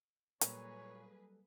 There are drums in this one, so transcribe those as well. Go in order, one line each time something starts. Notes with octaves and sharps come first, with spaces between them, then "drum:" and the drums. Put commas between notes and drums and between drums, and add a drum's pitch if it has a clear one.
A#2 F#3 G3 A#3 G#4 A4 B4 C#5, drum: hi-hat